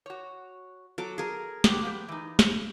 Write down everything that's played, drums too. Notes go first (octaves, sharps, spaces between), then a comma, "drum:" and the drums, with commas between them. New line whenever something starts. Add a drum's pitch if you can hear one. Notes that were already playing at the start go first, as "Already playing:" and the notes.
F#4 C#5
F#3 A4 D6
G#4 A#4
D3 F#4 G4, drum: snare
F3 B3 G4
E3 D#4
drum: snare